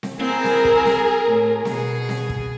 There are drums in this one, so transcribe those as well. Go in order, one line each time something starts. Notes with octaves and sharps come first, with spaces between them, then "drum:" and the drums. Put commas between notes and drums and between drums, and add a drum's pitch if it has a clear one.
drum: snare C4
C4 E4 G#4 A#4
drum: snare C4
drum: kick
drum: snare C4
A2
B2 G#4, drum: snare C4
drum: snare C4
drum: kick